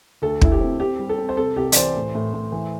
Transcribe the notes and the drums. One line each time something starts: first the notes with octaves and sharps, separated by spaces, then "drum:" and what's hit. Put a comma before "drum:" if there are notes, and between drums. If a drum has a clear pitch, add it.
D2 A4
D2 E4, drum: kick
G4
C4
C4 G4
G3
A4
C4
C5
C3 A4
C2 G4
D5, drum: hi-hat
E3 C5
A2
A2
A2
E3